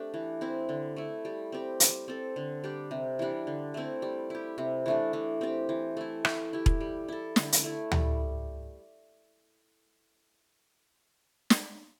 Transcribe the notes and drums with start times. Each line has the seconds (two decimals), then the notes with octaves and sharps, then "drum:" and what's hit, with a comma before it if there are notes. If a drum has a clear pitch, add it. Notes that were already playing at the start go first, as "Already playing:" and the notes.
Already playing: A3 C4 D4 G4
0.14 E3
0.41 C4 E4
0.69 D3
0.96 A3 E4
1.25 G3
1.52 C4 G4
1.80 G3, drum: hi-hat
2.08 C4 A4
2.36 D3
2.64 G3 D4 G4
2.91 C3
3.19 E3 G3 D4
3.47 D3
3.74 A3 C4 E4
4.02 G3
4.30 E4 G4
4.58 C3
4.86 E3 A3 D4
5.13 E3
5.41 C4 G4
5.69 E3
5.97 A3 E4
6.25 A3, drum: rim click
6.53 E4 G4
6.66 drum: kick E1
6.81 G3
7.08 E4 A4
7.36 D3, drum: snare
7.52 drum: hi-hat
7.64 A3 E4
7.92 G3, drum: tom D2
11.50 drum: snare